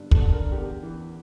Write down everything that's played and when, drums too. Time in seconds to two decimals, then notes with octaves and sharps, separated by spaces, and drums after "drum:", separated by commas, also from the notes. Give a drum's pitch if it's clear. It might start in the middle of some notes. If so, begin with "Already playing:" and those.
Already playing: G2 D3
0.12 A4, drum: kick
0.21 D3
0.33 A#4
0.52 E2 G4
0.83 E3